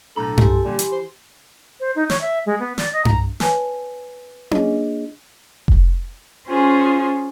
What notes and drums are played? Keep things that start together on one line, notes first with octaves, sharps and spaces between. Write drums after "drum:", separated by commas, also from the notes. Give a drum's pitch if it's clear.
B1 A2 D4 A4 A#5
G4 G#5 C6, drum: tom G2
A#2 D3 G3
E3, drum: hi-hat
C5
C5
D#4
C#5, drum: snare
E5
G#3
B3
D5, drum: snare
D#5
A#5, drum: tom G2
B4 C#5 G#5 A5, drum: snare
A#3 D4 F4 G#4 C#5 D#5, drum: tom C#4
drum: kick F1
C#4 F4 G#4 C5